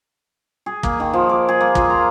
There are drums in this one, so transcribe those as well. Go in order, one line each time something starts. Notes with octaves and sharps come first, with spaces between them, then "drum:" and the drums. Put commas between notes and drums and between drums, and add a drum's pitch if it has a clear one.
G#4
A#3, drum: kick
D#3
F3
D6
G#4
A#3
F4, drum: kick
A#5